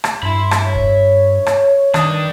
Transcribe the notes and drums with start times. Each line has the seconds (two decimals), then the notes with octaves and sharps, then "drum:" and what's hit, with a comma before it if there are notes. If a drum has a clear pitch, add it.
0.04 drum: rim click
0.23 G2 E5 B5 C6
0.51 drum: rim click
0.64 C#5
0.75 drum: kick
1.46 drum: rim click
1.94 D#3 D4 G4 D#6, drum: rim click